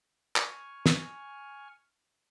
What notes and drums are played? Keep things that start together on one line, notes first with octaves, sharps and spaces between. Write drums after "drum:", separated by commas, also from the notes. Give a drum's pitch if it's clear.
G#5 C#6 F6, drum: clap
drum: snare